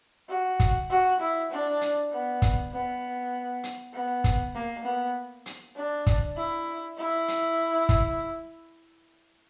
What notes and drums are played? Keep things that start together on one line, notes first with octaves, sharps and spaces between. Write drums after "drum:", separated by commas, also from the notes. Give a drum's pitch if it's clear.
F#4
drum: kick, hi-hat
F#4
E4
D4
drum: hi-hat
B3
drum: kick, hi-hat
B3
drum: hi-hat
B3
drum: kick, hi-hat
A#3
B3
drum: hi-hat
D4
drum: kick, hi-hat
E4
E4
drum: hi-hat
drum: kick, hi-hat